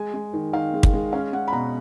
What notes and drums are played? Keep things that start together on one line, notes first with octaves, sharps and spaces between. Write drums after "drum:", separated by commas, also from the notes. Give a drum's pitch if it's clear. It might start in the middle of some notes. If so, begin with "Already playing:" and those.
Already playing: G#3 G#5
G#3
D#3
D#3 F5
G#3
drum: kick
G#3
C#4 F5
G#3 F#5
B5
B2 A#5